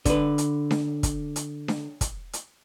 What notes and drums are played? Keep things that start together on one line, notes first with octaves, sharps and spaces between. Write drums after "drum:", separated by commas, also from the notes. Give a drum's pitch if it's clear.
D3 B4, drum: kick, hi-hat
drum: hi-hat
drum: snare D4
drum: kick, hi-hat
drum: hi-hat
drum: snare D4
drum: kick, hi-hat
drum: hi-hat